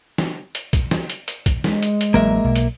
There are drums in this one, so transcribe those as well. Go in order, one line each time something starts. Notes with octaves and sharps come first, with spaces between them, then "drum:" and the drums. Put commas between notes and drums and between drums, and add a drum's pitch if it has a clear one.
drum: snare
drum: hi-hat
drum: kick, hi-hat
drum: snare
drum: hi-hat
drum: hi-hat
drum: kick, hi-hat
G#3, drum: snare
drum: hi-hat
drum: hi-hat
A1 F#3 A#3 A#4 E5
B1
drum: hi-hat